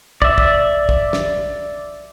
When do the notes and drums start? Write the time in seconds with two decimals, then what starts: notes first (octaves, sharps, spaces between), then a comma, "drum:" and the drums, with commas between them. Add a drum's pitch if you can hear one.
0.22 D5 E5, drum: kick
0.38 drum: kick
0.89 drum: kick
1.13 drum: snare